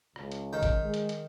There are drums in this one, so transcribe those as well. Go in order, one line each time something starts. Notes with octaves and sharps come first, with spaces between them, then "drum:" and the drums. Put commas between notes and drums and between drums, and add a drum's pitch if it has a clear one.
C#2, drum: rim click
drum: hi-hat
D#3 G5
drum: kick, hi-hat
G#3
drum: hi-hat
drum: hi-hat